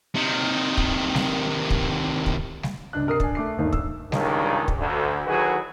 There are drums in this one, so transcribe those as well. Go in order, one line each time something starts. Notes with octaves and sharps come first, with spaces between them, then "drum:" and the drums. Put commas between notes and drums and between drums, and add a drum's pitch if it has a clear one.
C3 D#3
drum: kick
drum: snare G3
drum: kick
drum: kick
drum: snare G3
C#2 G2 D4 F#6
C3 A#4 D#6 C7
D4 G#5, drum: kick
A3 D6 C7
G1 D#2 A3 D#4
E6, drum: kick
C#2 G2 D#3, drum: snare G3
drum: kick
D2
A2 D#3 F#3 F#4 G#4 B4